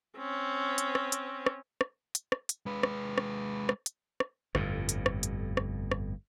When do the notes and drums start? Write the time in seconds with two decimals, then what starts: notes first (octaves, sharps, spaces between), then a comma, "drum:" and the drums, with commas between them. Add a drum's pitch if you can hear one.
0.17 C4 C#4
0.78 drum: hi-hat
0.95 drum: rim click
1.12 drum: hi-hat
1.46 drum: rim click
1.81 drum: rim click
2.15 drum: hi-hat
2.32 drum: rim click
2.49 drum: hi-hat
2.66 G#3 B4
2.83 drum: rim click
3.18 drum: rim click
3.69 drum: rim click
3.86 drum: hi-hat
4.20 drum: rim click
4.55 G1 F2 A2, drum: rim click
4.89 drum: hi-hat
5.06 drum: rim click
5.23 drum: hi-hat
5.57 drum: rim click
5.91 drum: rim click